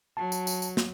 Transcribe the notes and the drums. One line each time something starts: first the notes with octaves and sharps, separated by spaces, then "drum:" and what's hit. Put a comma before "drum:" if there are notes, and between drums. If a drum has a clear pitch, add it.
F#3 A5
drum: tambourine
drum: tambourine
drum: tambourine
drum: snare